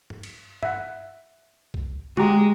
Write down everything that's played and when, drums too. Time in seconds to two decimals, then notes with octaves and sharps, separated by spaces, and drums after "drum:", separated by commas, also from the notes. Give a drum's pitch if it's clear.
0.10 drum: tom G2
0.23 drum: cymbal
0.63 E5 F#5, drum: tom G2
1.74 drum: kick C2
2.17 G#3 F#4 G4 A#5, drum: tom D3